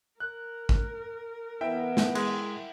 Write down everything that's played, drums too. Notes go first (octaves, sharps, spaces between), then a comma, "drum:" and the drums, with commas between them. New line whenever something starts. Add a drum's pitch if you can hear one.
A#4 F#6
drum: kick
C3 E3 B3 E4 E5 G5
drum: snare
G#3, drum: cymbal